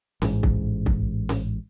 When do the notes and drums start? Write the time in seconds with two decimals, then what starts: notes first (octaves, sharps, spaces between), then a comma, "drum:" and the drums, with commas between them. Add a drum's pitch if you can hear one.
0.22 A1 G#2, drum: snare C#4
0.43 drum: kick
0.86 drum: kick
1.29 drum: snare C#4